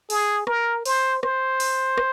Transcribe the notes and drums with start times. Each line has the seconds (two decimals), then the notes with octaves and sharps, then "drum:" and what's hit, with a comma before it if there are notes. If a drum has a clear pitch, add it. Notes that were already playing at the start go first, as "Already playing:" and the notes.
0.10 G#4, drum: open hi-hat
0.47 A#4, drum: rim click
0.85 C5, drum: open hi-hat
1.23 C5, drum: rim click
1.60 drum: open hi-hat
1.98 drum: rim click